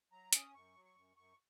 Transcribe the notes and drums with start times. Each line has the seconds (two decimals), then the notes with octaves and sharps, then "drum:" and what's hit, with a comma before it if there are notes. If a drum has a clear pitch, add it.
0.12 F#3 A#5
0.33 C#4 D#6, drum: hi-hat
0.54 F#2 C#6
0.74 F#3
0.85 C#6
0.95 F#2
1.16 F#2 C#6